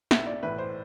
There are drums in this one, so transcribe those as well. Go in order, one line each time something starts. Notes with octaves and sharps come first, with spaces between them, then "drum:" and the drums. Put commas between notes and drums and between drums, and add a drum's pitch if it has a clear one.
B1 E5, drum: snare
D5
A2 E3 B4
C5